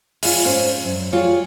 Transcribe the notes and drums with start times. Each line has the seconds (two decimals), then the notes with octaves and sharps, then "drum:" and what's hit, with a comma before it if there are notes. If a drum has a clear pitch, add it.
0.23 F4 G#4, drum: open hi-hat
0.45 G#2 C#4 C5 F5
0.84 F#2
1.12 G3 F4 F#4 G#4 C#5